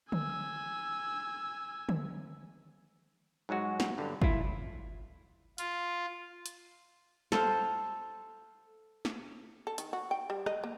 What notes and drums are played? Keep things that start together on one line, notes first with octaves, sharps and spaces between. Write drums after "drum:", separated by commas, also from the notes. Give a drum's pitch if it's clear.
G#5 E6, drum: tom D3
drum: tom D3
G#2 F#3 G#3 F#4
drum: snare
G2 D3
E4 F4, drum: kick
F4, drum: hi-hat
drum: hi-hat
A4 C5 F5, drum: snare
drum: snare
A4
D#3, drum: hi-hat
F#4
G5
G3
D#5, drum: rim click
A#3